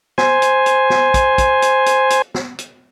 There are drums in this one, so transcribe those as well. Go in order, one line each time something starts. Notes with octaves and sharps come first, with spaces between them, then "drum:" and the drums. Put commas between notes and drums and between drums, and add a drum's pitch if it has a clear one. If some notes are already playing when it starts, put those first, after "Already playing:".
C5 G#5, drum: snare
drum: hi-hat
drum: hi-hat
drum: snare
drum: kick, hi-hat
drum: kick, hi-hat
drum: hi-hat
drum: hi-hat
drum: hi-hat
drum: snare
drum: hi-hat